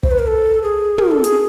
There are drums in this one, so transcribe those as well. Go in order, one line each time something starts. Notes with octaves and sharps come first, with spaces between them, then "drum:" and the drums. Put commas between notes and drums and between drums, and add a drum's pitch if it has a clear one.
C5, drum: kick
B4
A#4
A4
G#4
A#4, drum: tom
A4
G#4, drum: hi-hat